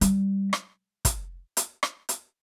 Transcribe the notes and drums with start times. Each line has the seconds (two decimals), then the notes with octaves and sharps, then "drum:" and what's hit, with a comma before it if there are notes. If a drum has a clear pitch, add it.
0.01 G3, drum: hi-hat
0.53 drum: rim click
1.05 drum: kick, hi-hat
1.57 drum: hi-hat
1.83 drum: rim click
2.09 drum: hi-hat